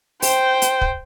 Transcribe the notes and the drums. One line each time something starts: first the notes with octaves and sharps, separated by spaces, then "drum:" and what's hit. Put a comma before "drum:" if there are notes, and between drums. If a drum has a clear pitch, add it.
C5 G5, drum: open hi-hat
drum: hi-hat
drum: kick